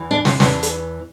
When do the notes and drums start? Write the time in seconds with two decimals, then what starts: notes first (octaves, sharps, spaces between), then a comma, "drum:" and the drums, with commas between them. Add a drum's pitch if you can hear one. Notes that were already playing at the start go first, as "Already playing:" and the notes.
Already playing: E2 E3
0.11 D4
0.25 F4, drum: snare
0.40 E2 E3 D4, drum: snare
0.63 drum: hi-hat